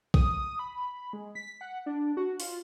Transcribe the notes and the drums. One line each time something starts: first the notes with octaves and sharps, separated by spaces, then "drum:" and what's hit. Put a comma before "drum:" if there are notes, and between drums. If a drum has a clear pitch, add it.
D#6, drum: kick B1
B5
G#3
B6
F#5
D4
F#4
F4, drum: open hi-hat